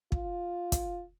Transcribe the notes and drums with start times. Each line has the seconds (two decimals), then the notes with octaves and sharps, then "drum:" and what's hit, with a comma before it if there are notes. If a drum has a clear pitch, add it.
0.12 F4, drum: kick
0.72 drum: kick, hi-hat